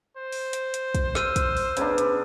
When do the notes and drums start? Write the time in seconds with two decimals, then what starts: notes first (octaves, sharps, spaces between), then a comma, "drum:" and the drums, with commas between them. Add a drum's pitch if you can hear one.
0.17 C5
0.32 drum: open hi-hat
0.53 drum: hi-hat
0.74 drum: hi-hat
0.95 drum: kick, hi-hat
1.15 E6 F6 D#7, drum: snare
1.36 drum: kick, hi-hat
1.57 drum: open hi-hat
1.77 C#3 B3 D4 B4, drum: hi-hat
1.98 drum: hi-hat